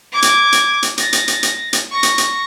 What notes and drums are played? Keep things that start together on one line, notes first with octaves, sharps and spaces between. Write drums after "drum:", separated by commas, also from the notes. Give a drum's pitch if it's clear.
D6 G#6
drum: hi-hat
drum: hi-hat
drum: hi-hat
A6 A#6, drum: hi-hat
drum: hi-hat
drum: hi-hat
drum: hi-hat
drum: hi-hat
C#6 A#6
drum: hi-hat
drum: hi-hat